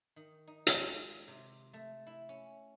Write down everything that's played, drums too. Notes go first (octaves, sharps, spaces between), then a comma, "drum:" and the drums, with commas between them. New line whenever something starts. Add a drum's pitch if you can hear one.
D#3
D#4
G#3, drum: hi-hat
C3
A3
E4
C#4